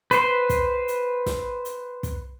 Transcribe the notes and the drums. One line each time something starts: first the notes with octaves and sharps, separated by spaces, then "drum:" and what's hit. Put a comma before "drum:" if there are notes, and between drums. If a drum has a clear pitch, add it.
B4 C5 C6, drum: hi-hat
drum: kick, hi-hat
drum: hi-hat
drum: snare
drum: hi-hat
drum: kick, hi-hat